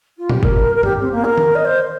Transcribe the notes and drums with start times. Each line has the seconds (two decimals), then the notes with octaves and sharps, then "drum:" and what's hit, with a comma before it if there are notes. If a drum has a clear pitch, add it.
0.17 F4
0.29 G4, drum: tom A#2
0.43 A#4, drum: kick G1
0.75 A#4
0.83 G4, drum: tom
1.00 C4
1.11 A#3
1.24 A#4
1.38 drum: tom D#3
1.55 D#5
1.64 C5